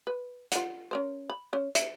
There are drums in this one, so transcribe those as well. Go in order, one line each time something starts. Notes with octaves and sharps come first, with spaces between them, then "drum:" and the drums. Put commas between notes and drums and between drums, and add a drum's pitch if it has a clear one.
B4
F4 F#5, drum: hi-hat
C#4 A#4 C5
B5
C#4 C5
E5, drum: hi-hat